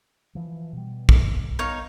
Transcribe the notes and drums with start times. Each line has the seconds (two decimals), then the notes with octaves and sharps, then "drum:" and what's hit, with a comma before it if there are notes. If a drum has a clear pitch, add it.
0.35 E3 F3
0.73 B2 G3
1.09 drum: kick
1.59 B3 D#4 C#5 F5